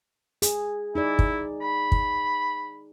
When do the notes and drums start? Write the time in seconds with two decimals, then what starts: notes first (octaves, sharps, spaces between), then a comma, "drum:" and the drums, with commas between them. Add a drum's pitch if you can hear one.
0.42 G#4, drum: hi-hat
0.95 D#4 E4 G#4 D5
1.19 drum: kick
1.62 B5
1.92 drum: kick